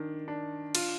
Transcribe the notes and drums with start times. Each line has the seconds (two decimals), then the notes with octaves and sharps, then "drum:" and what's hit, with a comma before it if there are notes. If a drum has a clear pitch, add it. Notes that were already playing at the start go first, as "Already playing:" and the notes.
Already playing: D#3 D4
0.28 D4
0.75 F4, drum: cymbal